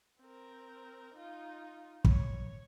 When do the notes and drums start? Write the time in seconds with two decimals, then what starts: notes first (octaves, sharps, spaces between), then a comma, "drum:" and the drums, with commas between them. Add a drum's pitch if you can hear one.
0.22 C4 A#4
1.14 D#4 F4
2.05 C#5, drum: kick